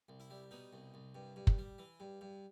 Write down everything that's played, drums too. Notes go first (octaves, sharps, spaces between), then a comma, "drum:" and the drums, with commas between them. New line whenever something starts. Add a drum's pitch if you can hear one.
C2
E4
G3
B2 D#4
C2
C2
G2
G2
drum: kick
G3
E3
G2
G2